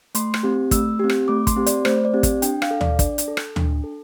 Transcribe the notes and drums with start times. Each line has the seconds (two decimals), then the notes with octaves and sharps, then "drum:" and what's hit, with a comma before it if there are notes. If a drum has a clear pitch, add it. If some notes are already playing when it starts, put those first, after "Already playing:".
0.15 A3 C6, drum: hi-hat
0.34 drum: rim click
0.43 C4 G4
0.71 A3 E6, drum: kick, hi-hat
0.99 C4 G4
1.09 drum: rim click
1.28 A3 D6
1.47 C6, drum: kick, hi-hat
1.56 C4 G4
1.66 D5, drum: hi-hat
1.85 A3 C5, drum: rim click
2.05 D5
2.14 C4 G4
2.23 drum: kick, hi-hat
2.42 D4 G5, drum: hi-hat
2.62 F5, drum: rim click
2.71 A4
2.81 D5, drum: tom
2.99 D4 D5, drum: kick, hi-hat
3.18 drum: hi-hat
3.28 A4
3.37 drum: rim click
3.56 D4, drum: tom
3.84 A4